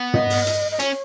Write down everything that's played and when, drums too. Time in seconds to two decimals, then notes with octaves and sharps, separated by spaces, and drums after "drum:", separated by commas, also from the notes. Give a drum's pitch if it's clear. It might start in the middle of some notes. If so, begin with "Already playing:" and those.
Already playing: B3
0.14 D#5, drum: tom
0.30 drum: open hi-hat
0.47 drum: hi-hat
0.71 D#5
0.80 C#4 C#5, drum: hi-hat